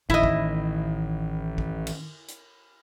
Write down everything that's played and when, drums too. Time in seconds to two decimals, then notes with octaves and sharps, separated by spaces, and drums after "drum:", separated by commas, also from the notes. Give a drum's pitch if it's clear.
0.10 A1 D#3 E4 D#5, drum: kick
0.23 drum: kick
1.58 drum: kick
1.87 drum: cymbal
2.28 drum: hi-hat